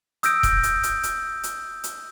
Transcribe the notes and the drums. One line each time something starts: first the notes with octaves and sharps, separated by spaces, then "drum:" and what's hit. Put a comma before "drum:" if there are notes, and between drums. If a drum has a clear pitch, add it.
D#6 E6 G6 A#6 D7, drum: hi-hat
drum: kick D#1, hi-hat
drum: hi-hat
drum: hi-hat
drum: hi-hat
drum: hi-hat
drum: hi-hat